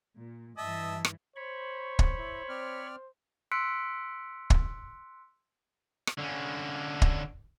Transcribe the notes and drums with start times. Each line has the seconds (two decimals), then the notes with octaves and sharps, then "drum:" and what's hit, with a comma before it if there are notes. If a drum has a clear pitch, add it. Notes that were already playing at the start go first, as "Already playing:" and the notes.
0.15 A#2
0.58 G2 E3 D#5 E5 A5
1.05 drum: rim click
1.36 C5 C#5 B5 C#6
1.99 drum: kick
2.18 E4
2.49 C4 D5 F6
3.52 C6 E6 F#6 B6 C#7 D7
4.50 drum: kick
6.07 drum: rim click
6.19 D3 C#4
7.02 drum: kick